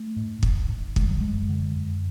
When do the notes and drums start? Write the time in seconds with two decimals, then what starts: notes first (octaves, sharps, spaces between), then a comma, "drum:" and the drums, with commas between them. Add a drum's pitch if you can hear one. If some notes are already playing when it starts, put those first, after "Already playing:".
Already playing: A3
0.16 G#2
0.43 G#2, drum: kick
0.69 G#2
0.96 D3 G#3, drum: kick
1.09 F#3
1.21 F#2 G#3
1.49 D3
1.76 F#2